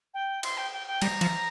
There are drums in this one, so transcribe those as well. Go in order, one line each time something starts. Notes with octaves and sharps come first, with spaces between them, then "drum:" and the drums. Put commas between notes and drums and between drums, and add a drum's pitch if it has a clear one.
G5
C6, drum: cymbal
G5
G5
G5
G3 A#5, drum: cymbal
F3, drum: cymbal